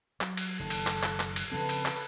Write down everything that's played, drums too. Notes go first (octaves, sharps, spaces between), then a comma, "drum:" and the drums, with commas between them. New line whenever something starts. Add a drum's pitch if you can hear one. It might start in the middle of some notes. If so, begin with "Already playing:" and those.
F#3, drum: clap
drum: cymbal
F#1 D#3 A4
drum: cymbal
drum: clap
drum: clap
drum: clap
drum: cymbal
C#3 F3 C4 A4 B4
drum: cymbal
drum: clap